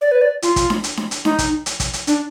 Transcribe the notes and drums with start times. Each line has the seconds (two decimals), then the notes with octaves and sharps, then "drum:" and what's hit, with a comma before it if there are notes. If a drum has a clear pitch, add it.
0.01 D5
0.12 B4
0.21 D5
0.42 F4, drum: hi-hat
0.56 drum: kick, hi-hat
0.70 drum: snare D4
0.84 drum: hi-hat
0.97 drum: snare D4
1.11 drum: hi-hat
1.25 D#4, drum: snare D4
1.39 drum: kick, hi-hat
1.66 drum: hi-hat
1.80 drum: kick, hi-hat
1.93 drum: hi-hat
2.07 D4, drum: hi-hat